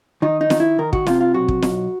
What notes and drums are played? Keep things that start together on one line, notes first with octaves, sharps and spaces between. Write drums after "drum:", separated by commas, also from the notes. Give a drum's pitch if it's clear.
D#3 D#4
D#4
D#3, drum: snare
E4
D#3 A#4
F#4, drum: kick
C3 F4, drum: snare
F4
B1 F#4
drum: kick
B1, drum: snare